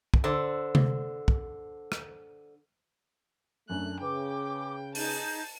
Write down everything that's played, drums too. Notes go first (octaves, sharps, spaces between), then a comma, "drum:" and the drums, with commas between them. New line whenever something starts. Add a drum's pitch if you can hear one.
drum: kick
D3 C5
drum: tom C3
drum: kick
drum: rim click
F#2 A3 D4 F#6
C#3 B4 G5 D6
D#4 G#4 A5 G6 A6, drum: open hi-hat